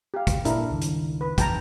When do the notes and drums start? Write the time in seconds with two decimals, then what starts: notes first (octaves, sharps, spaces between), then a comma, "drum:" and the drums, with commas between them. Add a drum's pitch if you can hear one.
0.14 G4 F5
0.27 drum: kick, hi-hat
0.45 A#2 D4 E4 A#4, drum: hi-hat
0.70 C#2 G2 D#3
0.81 drum: hi-hat
1.21 B4
1.38 F2 E3 G5 A5 A#5, drum: kick, hi-hat